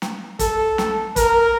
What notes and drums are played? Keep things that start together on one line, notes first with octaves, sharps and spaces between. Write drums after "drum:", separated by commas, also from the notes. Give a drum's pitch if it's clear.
drum: snare
A4, drum: kick, hi-hat
drum: snare
A#4, drum: kick, hi-hat